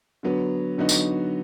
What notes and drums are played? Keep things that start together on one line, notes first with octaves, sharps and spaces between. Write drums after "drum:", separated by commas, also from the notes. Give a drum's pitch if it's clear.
D3 F#3 B3
D3 F#3 B3 D#4 F#4
drum: tambourine